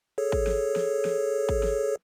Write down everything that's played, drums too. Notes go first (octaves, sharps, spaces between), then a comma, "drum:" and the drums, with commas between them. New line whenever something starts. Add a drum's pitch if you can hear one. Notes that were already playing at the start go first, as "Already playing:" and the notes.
G#4 A4 C#5
drum: kick G#1
drum: snare
drum: snare
drum: snare
drum: kick G#1
drum: snare